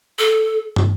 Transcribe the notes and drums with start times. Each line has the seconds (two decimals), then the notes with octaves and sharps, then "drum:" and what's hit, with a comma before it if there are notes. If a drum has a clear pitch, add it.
0.19 A4
0.76 drum: tom